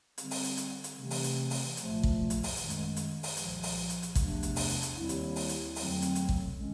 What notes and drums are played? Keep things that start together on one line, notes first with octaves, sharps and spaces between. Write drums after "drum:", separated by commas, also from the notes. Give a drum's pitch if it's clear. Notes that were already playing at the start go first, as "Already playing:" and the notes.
D3 G3 C4, drum: hi-hat
drum: open hi-hat
drum: hi-hat
drum: hi-hat
drum: hi-hat
C3 E3 A3 C4
drum: open hi-hat
drum: hi-hat
drum: open hi-hat
C2 A#2 F3 A3, drum: hi-hat
drum: kick
drum: hi-hat
drum: open hi-hat
F#2 D#3 G#3, drum: hi-hat
drum: hi-hat
drum: hi-hat
drum: open hi-hat
C2 A#2 F3, drum: hi-hat
drum: open hi-hat
drum: hi-hat
drum: hi-hat
E2 C3 F3 A3 D4, drum: kick, hi-hat
drum: hi-hat
drum: open hi-hat
drum: hi-hat
drum: hi-hat
D#2 D#3 G3 C4 E4
drum: hi-hat
drum: open hi-hat
drum: hi-hat
F2 D3 F#3 A3 C4, drum: open hi-hat
drum: hi-hat
drum: hi-hat
drum: kick
D#3 G#3 C#4